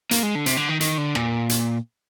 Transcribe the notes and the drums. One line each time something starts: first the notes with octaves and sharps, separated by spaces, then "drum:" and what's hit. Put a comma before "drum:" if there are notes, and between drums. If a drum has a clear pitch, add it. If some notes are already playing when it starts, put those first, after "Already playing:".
A#3, drum: hi-hat
G#3
D3
C3, drum: hi-hat
D3
D#3
D#3, drum: hi-hat
D3
A#2, drum: rim click
drum: hi-hat